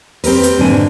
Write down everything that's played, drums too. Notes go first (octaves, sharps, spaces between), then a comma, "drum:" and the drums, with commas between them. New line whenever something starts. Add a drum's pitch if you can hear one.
C4 G4 A#4 B4, drum: open hi-hat
drum: hi-hat
G#2 B2 D3 A#3 D4 G#5